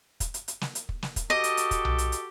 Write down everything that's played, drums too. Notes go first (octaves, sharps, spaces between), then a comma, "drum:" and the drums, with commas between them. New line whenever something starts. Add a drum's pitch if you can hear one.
drum: kick, hi-hat
drum: hi-hat
drum: hi-hat
drum: snare
drum: hi-hat
drum: kick
drum: snare
drum: kick, hi-hat
F#4 G4 A4 D#5
drum: hi-hat
drum: hi-hat
drum: kick, hi-hat
drum: tom B1
drum: hi-hat
drum: hi-hat